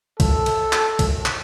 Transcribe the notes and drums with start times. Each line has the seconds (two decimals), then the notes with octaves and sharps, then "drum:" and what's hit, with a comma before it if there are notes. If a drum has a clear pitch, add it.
0.20 A4, drum: kick B1, cymbal
0.46 drum: cymbal
0.73 drum: clap
0.99 drum: kick B1, cymbal
1.26 drum: clap